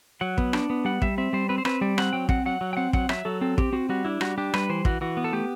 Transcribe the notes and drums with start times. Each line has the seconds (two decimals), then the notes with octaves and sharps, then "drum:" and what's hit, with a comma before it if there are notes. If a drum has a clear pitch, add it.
0.21 F#3 F#5
0.38 B3, drum: kick
0.53 D4, drum: rim click
0.70 B3
0.85 G3 F#5
1.02 G3 E5, drum: kick
1.18 C4 E5
1.33 G3 C5
1.49 C4 B4
1.58 C5
1.65 C4 B4, drum: rim click
1.81 G3 D5
1.98 C4 F#5, drum: rim click
2.13 F#3 G5
2.29 C4 F#5, drum: kick
2.46 F#3 F#5
2.61 F#3
2.73 G5
2.77 C4 F#5
2.93 F#3 F#5, drum: kick
3.09 F#3 E5, drum: rim click
3.25 F#3 A4
3.41 C4 A4
3.58 C4 G4, drum: kick
3.72 C4 F#4
3.89 G3 F#4
4.05 D4 E4
4.21 G3 F#4, drum: rim click
4.38 D4 G4
4.54 G3 B4, drum: rim click
4.69 E3 C5
4.85 E3 F#4, drum: kick
5.01 E3 F#4
5.17 B3
5.24 A4
5.33 A3 G4